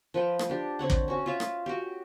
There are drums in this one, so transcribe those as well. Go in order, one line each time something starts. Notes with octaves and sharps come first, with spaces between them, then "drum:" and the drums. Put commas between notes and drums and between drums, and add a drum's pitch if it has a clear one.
F3 B4 F#5 G5
drum: rim click
D4 G4
D3 C4 C#5 F#5
drum: kick
C#4 F#4
F4 C#5 E5 F5
drum: rim click
F#4 G4